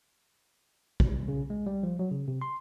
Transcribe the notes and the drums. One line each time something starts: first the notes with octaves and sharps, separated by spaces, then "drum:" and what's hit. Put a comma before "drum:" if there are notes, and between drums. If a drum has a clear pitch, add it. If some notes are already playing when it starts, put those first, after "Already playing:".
drum: kick
C2
C#3
G#3
G3
F3
F#3
C#3
C3
C6